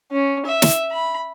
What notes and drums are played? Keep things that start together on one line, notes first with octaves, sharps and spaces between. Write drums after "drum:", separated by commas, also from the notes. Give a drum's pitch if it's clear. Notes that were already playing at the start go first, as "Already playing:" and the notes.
C#4
E5
drum: snare
B5